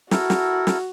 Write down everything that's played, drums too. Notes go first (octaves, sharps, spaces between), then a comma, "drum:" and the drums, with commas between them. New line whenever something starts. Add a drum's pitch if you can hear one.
E4 F#4 A4 A#4, drum: snare
drum: snare
drum: snare